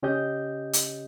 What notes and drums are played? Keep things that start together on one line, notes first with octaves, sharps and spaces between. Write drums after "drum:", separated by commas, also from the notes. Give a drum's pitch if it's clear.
C#3 C#4 G4 D#5 G6
drum: hi-hat